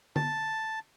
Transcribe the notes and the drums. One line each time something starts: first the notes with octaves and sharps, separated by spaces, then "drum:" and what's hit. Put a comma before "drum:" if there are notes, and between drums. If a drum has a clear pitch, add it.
A5, drum: tom D3